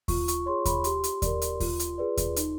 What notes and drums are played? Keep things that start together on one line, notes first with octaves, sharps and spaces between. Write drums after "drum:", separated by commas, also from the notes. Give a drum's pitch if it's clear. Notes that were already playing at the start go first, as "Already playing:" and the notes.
F4 C#6, drum: kick D#2, open hi-hat
C#6, drum: hi-hat
G#4 C#5 C6
B5, drum: kick D#2, hi-hat
G4 C6, drum: hi-hat
drum: hi-hat
A#4 D5, drum: kick D#2, hi-hat
drum: hi-hat
F4, drum: kick D#2, open hi-hat
drum: hi-hat
G#4 B4 D5
drum: kick D#2, hi-hat
D#4, drum: hi-hat